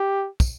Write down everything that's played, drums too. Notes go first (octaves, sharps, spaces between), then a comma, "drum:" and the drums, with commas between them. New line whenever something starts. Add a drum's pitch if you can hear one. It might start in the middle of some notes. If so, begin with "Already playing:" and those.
Already playing: G4
drum: kick, tambourine